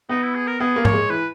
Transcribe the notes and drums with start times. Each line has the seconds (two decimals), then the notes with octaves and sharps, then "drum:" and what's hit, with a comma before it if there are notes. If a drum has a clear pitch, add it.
0.09 B3 D#4
0.22 E4
0.35 G#4
0.47 A#4
0.60 B3 G#4
0.76 A#3
0.85 C#5, drum: tom G#2
0.93 G#3
1.10 E3 B4